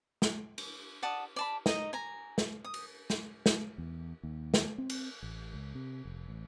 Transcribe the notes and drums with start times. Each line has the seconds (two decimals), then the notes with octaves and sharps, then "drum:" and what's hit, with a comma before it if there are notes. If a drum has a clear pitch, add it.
0.22 drum: snare
0.58 drum: cymbal
1.03 D5 F#5 A5 D#6
1.36 D5 A5 B5
1.66 D#4 D#5 A#5, drum: snare
1.93 G#5 A#5
2.38 drum: snare
2.64 D#6
2.74 drum: cymbal
3.10 drum: snare
3.46 drum: snare
3.78 E2
4.23 D#2
4.54 drum: snare
4.78 C4
4.90 drum: cymbal
5.23 A1
5.54 C#2
5.75 C3
6.05 F1
6.28 A1